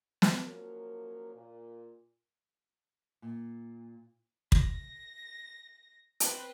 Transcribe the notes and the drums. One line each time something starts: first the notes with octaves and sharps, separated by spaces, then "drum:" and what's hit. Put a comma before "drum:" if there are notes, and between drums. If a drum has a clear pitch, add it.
drum: snare
F3 F#3 A#3 C#4 A#4
A#2
A#2
A#6, drum: kick
C4 B4, drum: hi-hat